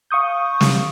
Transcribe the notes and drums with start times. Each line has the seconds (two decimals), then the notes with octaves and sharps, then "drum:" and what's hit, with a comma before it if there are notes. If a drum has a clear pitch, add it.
0.11 F5 C#6 D#6 G6
0.61 drum: snare